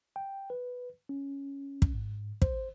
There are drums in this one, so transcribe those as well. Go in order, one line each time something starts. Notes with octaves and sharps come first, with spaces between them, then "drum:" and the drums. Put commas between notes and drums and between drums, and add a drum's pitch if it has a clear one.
G5
B4
C#4
drum: kick
G#2
C5, drum: kick